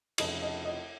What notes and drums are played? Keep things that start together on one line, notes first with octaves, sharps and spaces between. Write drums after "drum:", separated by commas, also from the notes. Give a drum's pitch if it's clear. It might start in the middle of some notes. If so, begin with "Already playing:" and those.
F1 F2 C#3 F3 D#5, drum: cymbal
D#5
D#5